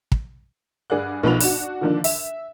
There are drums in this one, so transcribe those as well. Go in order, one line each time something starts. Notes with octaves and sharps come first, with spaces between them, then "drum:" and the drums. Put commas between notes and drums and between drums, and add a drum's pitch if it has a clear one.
drum: kick
G2 G#4 D5 F#5 F#6
B1 F3 B3 B5 F#6 F7
D4 F#4, drum: open hi-hat
D3 D#3 F3 A#3 D4
E5, drum: open hi-hat